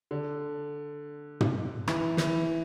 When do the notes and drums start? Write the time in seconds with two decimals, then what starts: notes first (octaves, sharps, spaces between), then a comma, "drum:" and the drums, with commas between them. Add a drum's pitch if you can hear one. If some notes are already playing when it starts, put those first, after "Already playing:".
0.11 D3
1.41 drum: tom
1.88 E3, drum: rim click
2.17 E3, drum: snare